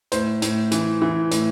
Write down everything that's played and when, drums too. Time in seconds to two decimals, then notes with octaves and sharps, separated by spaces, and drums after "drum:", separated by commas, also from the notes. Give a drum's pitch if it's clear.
0.12 A2 C5, drum: hi-hat
0.42 A2, drum: hi-hat
0.71 E3, drum: hi-hat
1.02 E3
1.31 A2, drum: hi-hat